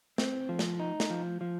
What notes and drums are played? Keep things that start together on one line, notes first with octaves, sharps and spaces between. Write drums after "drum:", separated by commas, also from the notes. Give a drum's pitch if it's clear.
C4, drum: snare
F3
drum: snare
D#4
drum: snare
F3
F3